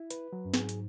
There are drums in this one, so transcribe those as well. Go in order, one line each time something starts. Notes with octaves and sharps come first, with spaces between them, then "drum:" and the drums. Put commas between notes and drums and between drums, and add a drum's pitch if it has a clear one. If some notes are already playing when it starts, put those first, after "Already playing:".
Already playing: E4
B4, drum: hi-hat
F#3
F#2
G#2 G#4, drum: snare
drum: hi-hat